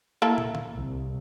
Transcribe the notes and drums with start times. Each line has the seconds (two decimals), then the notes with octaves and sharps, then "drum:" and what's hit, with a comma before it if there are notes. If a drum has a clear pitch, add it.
0.22 A#3 E4 A4
0.38 drum: tom
0.55 drum: tom D3
0.76 C2